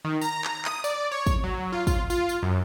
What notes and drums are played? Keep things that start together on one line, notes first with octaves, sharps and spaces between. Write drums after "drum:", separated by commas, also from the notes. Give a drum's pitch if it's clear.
D#3
A#5, drum: tambourine
drum: clap
D#6, drum: clap
D5, drum: tambourine
C#5
drum: kick, tambourine
F#3
F4
F4, drum: kick, tambourine
F4, drum: tambourine
drum: tambourine
F#2